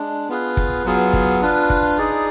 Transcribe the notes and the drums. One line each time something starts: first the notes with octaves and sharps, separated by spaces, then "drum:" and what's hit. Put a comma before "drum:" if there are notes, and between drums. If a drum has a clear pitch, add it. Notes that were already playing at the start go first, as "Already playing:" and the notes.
Already playing: G#3 D4
B3 F4 G#4 B4
drum: kick
F#3 B3 F4 G#4
drum: kick
D4 F4 B4
drum: kick
D#4 G#4 D5